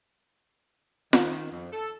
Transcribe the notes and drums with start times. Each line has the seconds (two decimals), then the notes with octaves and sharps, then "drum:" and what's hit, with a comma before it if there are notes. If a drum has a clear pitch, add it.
1.13 D#3, drum: snare F4
1.51 F2
1.72 A4